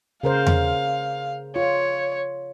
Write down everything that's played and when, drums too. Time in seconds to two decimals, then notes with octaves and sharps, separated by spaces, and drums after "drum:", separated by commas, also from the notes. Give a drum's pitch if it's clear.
0.23 C#3 A#4 C5 F5
0.47 drum: tom E2
1.56 F4 C#5